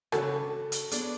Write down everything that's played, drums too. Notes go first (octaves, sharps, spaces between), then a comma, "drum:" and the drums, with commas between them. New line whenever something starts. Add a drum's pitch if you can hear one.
C#3 G#3 D4 F#4 G#4 A4 B4, drum: rim click
drum: hi-hat
B3 D4 G#4 D5, drum: hi-hat